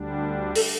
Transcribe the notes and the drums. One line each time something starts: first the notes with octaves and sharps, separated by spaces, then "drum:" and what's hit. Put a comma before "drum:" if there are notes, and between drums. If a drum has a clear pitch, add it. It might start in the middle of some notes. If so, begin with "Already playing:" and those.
Already playing: D2 D3 G3 D4
A4, drum: open hi-hat